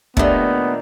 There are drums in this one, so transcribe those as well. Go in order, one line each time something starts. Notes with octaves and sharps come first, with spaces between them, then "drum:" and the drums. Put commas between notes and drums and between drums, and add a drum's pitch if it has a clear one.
A#2 D#3 A3 B3 D4 G4, drum: kick